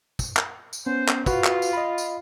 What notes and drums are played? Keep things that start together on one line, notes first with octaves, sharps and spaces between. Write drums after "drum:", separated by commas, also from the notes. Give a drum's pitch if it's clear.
drum: kick, tambourine
drum: clap
drum: tambourine
B3 C#4 C5
drum: clap
F4 F#4 B4, drum: kick, tambourine
drum: clap
drum: tambourine
D#5 B5
drum: tambourine